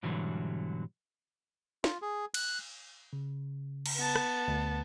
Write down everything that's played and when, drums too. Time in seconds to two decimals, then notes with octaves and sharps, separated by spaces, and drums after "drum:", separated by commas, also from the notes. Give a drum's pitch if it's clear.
0.03 G#2 B2 D3 E3 F#3 G3
1.84 F4, drum: snare
2.02 G#4
2.34 F#6, drum: cymbal
3.13 C#3
3.86 drum: cymbal
3.97 B3 A5
4.16 drum: rim click
4.48 D2